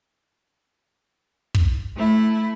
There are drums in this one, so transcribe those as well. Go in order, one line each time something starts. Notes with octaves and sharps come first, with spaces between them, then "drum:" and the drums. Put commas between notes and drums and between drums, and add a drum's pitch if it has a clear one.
drum: kick
A3 E4